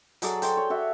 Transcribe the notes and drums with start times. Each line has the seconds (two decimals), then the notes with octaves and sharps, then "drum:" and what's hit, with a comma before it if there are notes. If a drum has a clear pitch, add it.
0.22 F#3 G#4 A4 D5, drum: hi-hat
0.42 C5 G5, drum: hi-hat
0.57 C#5
0.70 F#4 C#5 E5